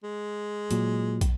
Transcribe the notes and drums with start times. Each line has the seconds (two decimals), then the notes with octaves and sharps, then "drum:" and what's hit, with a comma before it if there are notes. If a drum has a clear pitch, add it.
0.04 G#3
0.71 A#2 F#3, drum: hi-hat
1.21 drum: kick, hi-hat